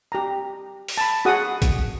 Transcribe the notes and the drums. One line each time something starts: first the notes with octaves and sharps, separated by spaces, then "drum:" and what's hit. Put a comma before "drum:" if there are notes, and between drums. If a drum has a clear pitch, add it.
G4 A#5
drum: open hi-hat
A5 B5
F#4 G#4 F#5 D#6
drum: kick A#1, hi-hat